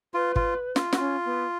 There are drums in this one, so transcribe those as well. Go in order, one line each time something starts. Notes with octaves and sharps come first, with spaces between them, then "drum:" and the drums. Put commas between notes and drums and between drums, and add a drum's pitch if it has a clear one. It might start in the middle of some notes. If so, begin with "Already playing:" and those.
F4 B4
F4, drum: kick
F4, drum: snare
F#4, drum: snare
C#4 F4
B3